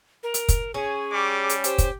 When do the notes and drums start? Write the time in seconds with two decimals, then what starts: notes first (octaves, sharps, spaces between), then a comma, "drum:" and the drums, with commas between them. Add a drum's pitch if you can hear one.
0.23 A#4
0.34 drum: hi-hat
0.49 drum: kick, hi-hat
0.74 C#4 G#4
1.12 G3 D6
1.50 drum: hi-hat
1.64 G4 C5, drum: hi-hat
1.78 drum: kick, hi-hat